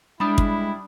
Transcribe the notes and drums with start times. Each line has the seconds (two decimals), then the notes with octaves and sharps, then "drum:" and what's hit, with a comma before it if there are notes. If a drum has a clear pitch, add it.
0.20 G3 G#3 D4 E4 B5 D#6
0.38 drum: kick